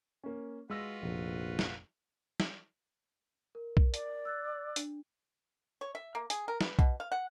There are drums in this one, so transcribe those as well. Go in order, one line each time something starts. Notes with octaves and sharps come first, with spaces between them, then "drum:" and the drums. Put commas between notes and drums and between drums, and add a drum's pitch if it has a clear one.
A#3 C#4
G#3 F4 F#4 B4 E6 A#6
F1 A#1
drum: snare
drum: snare
A#4
drum: kick B1
D5, drum: hi-hat
E6 F#6 A6
D4, drum: hi-hat
C#5
E5
A#3
G#4, drum: hi-hat
A#4
B4, drum: snare
B2, drum: kick B1
F5
F#5